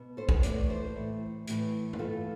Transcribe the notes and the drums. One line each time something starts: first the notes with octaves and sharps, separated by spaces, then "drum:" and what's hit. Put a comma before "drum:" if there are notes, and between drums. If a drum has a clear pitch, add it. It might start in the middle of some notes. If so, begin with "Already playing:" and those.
Already playing: B2
A4 C5
B4, drum: kick
C5
A2 E3 B4 D5, drum: hi-hat
A4 C5
A2 E3
A2 E3, drum: hi-hat
B4, drum: tom
A2 E3 F4 A4